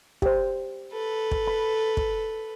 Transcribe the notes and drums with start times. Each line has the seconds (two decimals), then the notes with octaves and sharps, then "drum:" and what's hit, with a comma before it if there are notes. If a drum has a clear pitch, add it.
0.22 G4 C5, drum: kick
0.92 A4 B4
1.31 drum: kick
1.48 B5
1.97 drum: kick